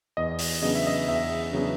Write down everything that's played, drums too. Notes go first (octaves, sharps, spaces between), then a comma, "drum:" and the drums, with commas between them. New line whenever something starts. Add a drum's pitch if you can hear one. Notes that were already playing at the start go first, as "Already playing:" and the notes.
E2 D#5
drum: open hi-hat
C#3 F#3 B3 D4 D#5
E5
D#5
E2 E5
C#3 F#3 B3 D4